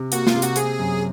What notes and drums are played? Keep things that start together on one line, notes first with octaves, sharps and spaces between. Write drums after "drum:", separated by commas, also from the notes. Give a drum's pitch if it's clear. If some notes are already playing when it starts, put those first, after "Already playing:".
Already playing: C3
A#3 F#4, drum: hi-hat
F4, drum: snare
C3
F#4, drum: hi-hat
C4 G#4, drum: hi-hat
F#2